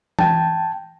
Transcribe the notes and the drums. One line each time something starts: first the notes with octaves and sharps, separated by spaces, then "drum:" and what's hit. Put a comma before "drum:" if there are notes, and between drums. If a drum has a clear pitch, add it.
G5 A5, drum: tom E3